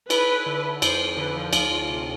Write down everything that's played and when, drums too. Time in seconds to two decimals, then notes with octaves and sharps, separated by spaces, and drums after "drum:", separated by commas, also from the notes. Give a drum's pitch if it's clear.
0.10 E4 B4, drum: cymbal
0.28 E4
0.46 D3
0.64 E4
0.82 F2 C5, drum: cymbal
1.00 F2
1.17 D3 B4
1.36 F3
1.53 D2 F4, drum: cymbal
1.71 D2
1.89 C3